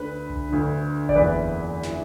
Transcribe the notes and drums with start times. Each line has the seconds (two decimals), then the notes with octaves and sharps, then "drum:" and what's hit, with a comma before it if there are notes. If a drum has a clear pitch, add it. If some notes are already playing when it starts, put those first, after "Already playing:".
Already playing: D2 D3 B4
0.30 drum: tom C2
0.49 D2 D3
1.09 D5, drum: kick G1
1.15 F#1 E2 E3 B4
1.83 E3, drum: snare